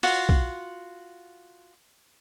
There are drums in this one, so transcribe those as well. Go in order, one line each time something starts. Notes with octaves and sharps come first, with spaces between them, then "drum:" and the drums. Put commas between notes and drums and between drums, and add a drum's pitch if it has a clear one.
F4 F#4, drum: open hi-hat
drum: kick